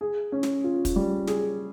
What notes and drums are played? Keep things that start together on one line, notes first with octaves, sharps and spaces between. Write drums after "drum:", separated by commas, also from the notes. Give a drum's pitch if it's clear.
G#4
C#4
drum: snare
F4
drum: kick, hi-hat
G3
G#4, drum: snare